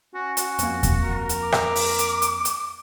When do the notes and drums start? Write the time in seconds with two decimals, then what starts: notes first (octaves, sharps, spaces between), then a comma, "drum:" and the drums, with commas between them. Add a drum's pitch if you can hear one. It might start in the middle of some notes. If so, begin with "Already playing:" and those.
0.14 C#4 F#4
0.37 F#4, drum: hi-hat
0.59 F2 A#3, drum: hi-hat
0.83 drum: kick D#2, hi-hat
1.03 A#4
1.29 drum: hi-hat
1.43 D6
1.52 drum: rim click
1.76 drum: open hi-hat
1.99 drum: hi-hat
2.22 drum: hi-hat
2.45 drum: hi-hat